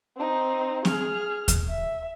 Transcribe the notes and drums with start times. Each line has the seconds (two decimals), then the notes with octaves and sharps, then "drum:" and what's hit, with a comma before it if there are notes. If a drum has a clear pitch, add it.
0.17 C4 D#4
0.85 G#4 F6, drum: snare C4
1.48 drum: kick D#2, hi-hat
1.68 E5